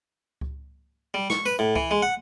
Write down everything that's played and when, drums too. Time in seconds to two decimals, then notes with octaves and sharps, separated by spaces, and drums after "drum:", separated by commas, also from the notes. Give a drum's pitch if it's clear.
0.41 drum: kick C#2
1.14 G3
1.30 C#6, drum: snare
1.46 B4, drum: tambourine
1.59 A2
1.76 E3, drum: kick C#2
1.91 G#3
2.02 F#5